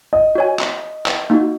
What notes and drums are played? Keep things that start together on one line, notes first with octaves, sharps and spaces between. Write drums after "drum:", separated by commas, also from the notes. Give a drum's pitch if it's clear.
D#5
F#4 C#5 G#5
drum: clap
drum: clap
A#3 D#4 F#4